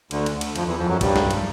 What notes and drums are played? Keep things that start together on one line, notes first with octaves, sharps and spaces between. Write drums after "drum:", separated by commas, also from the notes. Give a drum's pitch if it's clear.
D2 D3, drum: cymbal
drum: cymbal
drum: cymbal
F2 F3, drum: cymbal
E2 E3
F2 F3
F#2 F#3
G2 G3, drum: kick, cymbal
drum: snare
drum: cymbal